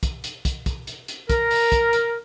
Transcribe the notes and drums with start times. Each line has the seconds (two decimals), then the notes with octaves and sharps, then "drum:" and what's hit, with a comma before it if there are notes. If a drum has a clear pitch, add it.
0.03 drum: kick, hi-hat
0.24 drum: hi-hat
0.45 drum: kick, hi-hat
0.66 drum: kick, hi-hat
0.87 drum: hi-hat
1.08 drum: hi-hat
1.30 A#4, drum: kick, hi-hat
1.51 drum: open hi-hat
1.72 drum: kick, hi-hat
1.93 drum: hi-hat